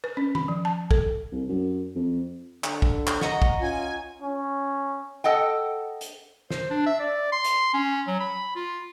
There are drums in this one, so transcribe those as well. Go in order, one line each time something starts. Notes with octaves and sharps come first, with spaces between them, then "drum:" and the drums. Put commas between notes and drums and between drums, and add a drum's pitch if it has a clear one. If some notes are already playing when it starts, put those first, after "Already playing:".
B4
C#4
B5, drum: tom D#3
F3
A5
A4, drum: kick
C2
F#2
F2
D3, drum: clap
drum: kick
drum: clap
F#4 D#5 A#5, drum: snare
drum: kick
C#4 F4 G#5
C#4
A4 D#5 F#5 G5
drum: hi-hat
C5, drum: snare
D4
E5
D5
C6
drum: hi-hat
C#4
F#3
B5
F4